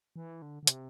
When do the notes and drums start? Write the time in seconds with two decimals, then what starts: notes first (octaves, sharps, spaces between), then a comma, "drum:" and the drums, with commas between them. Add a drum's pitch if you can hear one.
0.16 E3
0.42 D3
0.63 D3
0.67 C3, drum: hi-hat